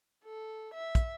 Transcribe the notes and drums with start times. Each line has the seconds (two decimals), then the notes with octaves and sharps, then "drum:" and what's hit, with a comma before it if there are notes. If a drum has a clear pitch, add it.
0.24 A4
0.74 E5
0.95 drum: kick, hi-hat